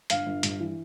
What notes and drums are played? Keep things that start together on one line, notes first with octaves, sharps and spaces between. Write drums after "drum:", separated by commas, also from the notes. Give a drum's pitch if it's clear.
G1 F5, drum: hi-hat
G1
G2, drum: hi-hat
E3